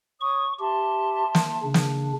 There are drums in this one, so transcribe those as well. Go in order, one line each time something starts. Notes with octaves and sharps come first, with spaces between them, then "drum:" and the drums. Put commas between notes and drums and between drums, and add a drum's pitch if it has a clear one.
C#5 C#6 D#6
G4 E5 A5 C6
drum: snare
C#3 D4
drum: snare